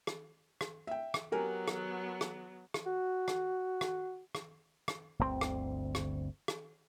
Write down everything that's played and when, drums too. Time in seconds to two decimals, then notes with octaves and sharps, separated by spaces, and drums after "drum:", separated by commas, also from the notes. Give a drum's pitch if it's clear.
0.07 drum: rim click
0.61 drum: rim click
0.87 E5 G5
1.14 drum: rim click
1.32 F#3 B3 G4 A#4 G#5
1.68 drum: rim click
2.21 drum: rim click
2.74 drum: rim click
2.86 F#4
3.28 drum: rim click
3.81 drum: rim click
4.35 drum: rim click
4.88 drum: rim click
5.19 G1 D2 C3 C4
5.41 drum: rim click
5.95 drum: rim click
6.48 drum: rim click